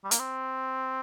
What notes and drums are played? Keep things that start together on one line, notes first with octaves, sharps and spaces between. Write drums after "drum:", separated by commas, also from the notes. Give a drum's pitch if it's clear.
G3
A#3, drum: hi-hat
C4